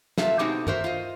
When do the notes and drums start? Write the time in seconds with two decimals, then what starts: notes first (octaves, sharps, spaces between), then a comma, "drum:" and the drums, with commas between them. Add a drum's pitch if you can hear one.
0.18 C3 F#3 A3 F4 E5, drum: snare
0.39 B2 G#3 C4 D#4 F#4 G4
0.67 F#4 A#4 C5 E5, drum: tom
0.84 F4 C5 D#5